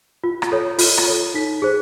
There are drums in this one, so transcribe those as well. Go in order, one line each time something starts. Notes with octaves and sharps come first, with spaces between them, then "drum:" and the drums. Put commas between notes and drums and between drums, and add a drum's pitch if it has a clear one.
F4
drum: rim click
A4 C#5
F4, drum: open hi-hat
drum: rim click
A4 C#5
D#4 B6
G#4 C5